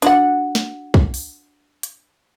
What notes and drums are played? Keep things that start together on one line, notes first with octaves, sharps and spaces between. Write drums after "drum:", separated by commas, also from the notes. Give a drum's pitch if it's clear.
D4 F#4 F#5, drum: hi-hat
drum: snare
drum: kick
drum: open hi-hat
drum: hi-hat